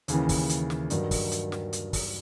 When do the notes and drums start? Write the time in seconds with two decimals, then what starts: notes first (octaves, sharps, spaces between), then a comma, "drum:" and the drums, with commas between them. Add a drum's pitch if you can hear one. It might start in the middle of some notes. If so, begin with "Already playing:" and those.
0.08 D#2 C#3 E3, drum: hi-hat
0.29 drum: kick, open hi-hat
0.49 drum: hi-hat
0.70 drum: snare
0.90 G2 D#3 F#3, drum: hi-hat
1.11 drum: kick, open hi-hat
1.32 drum: hi-hat
1.52 drum: snare
1.73 drum: hi-hat
1.93 drum: kick, open hi-hat